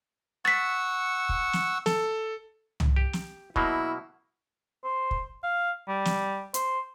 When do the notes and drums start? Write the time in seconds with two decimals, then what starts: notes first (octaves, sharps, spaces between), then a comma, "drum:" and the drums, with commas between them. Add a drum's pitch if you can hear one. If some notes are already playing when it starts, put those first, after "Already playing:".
0.45 F#5 C#6 E6 A6 B6
1.29 drum: kick
1.53 drum: snare
1.86 A4, drum: snare
2.80 drum: tom
2.96 G4
3.13 drum: snare
3.56 B2 F#3 A#3 E4, drum: kick
4.84 C5
5.11 drum: kick
5.43 F5
5.88 G3
6.05 drum: snare
6.54 C5, drum: hi-hat